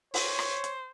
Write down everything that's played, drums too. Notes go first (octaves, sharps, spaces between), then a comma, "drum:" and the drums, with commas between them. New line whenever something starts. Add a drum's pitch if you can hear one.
C5 C#5, drum: open hi-hat
drum: rim click
drum: hi-hat